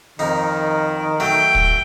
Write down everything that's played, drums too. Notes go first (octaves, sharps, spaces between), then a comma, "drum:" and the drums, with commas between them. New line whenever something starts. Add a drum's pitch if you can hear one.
F2 D#3 D#4
F#3 A3 G5
drum: kick